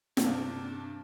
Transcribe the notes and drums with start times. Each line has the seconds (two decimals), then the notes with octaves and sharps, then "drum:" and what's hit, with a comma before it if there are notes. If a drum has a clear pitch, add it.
0.17 G2 C3 D4, drum: snare